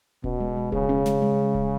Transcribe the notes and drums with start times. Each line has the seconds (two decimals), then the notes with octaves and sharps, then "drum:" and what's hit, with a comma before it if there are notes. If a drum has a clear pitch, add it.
0.24 B2 C#4, drum: kick D1
0.40 G#3
0.57 G#3
0.72 C#3 G#4, drum: kick D1
0.89 C#4
1.06 G#3, drum: snare
1.22 G#3
1.55 drum: kick D1